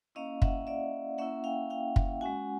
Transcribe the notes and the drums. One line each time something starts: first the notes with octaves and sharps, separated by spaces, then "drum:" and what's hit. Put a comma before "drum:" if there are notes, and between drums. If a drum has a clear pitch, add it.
A#3 C#4 E4 D#5 F5
E5 F#5, drum: kick
D5 E5
A#3 C#4 E4 E5 F#5
F5 G5
F5 G5
drum: kick
G#3 C#4 F#4 F#5 G#5